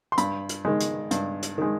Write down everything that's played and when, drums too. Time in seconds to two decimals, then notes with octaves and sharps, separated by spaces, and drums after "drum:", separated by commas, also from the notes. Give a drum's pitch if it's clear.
0.12 C6
0.18 G2 B5, drum: hi-hat
0.49 drum: hi-hat
0.65 D#3 G#3
0.80 drum: hi-hat
1.11 G2, drum: hi-hat
1.42 drum: hi-hat
1.58 D#3 G#3